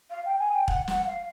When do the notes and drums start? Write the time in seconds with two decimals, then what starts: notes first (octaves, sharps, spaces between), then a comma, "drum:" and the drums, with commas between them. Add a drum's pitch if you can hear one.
0.10 F5
0.25 G5
0.39 G#5
0.53 G5
0.68 F#5, drum: kick E1
0.88 F#5, drum: snare
1.06 F5